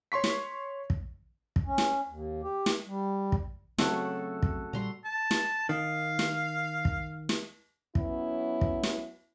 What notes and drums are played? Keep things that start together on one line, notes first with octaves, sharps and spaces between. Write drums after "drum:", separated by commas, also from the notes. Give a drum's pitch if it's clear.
C#5 C6 C#6 B6
drum: snare
drum: kick
drum: kick
C#4
drum: snare
D#2
G4
drum: snare
G3
drum: kick
C#3 F#3 A3 C4 F#4 A4 F#5 C#6, drum: snare
drum: kick
A#2 G3 A#5 C6
A5
drum: snare
D#3 F5
drum: snare
drum: kick
drum: snare
F#3 B3 C#4 E4, drum: kick
drum: kick
drum: snare